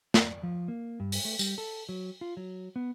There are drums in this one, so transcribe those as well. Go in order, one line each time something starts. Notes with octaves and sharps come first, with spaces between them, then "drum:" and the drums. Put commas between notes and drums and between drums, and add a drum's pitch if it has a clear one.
D5, drum: snare
F3
A#3
G2
drum: open hi-hat
A3
G3, drum: tambourine
A4
F#3
F4
F#3
B3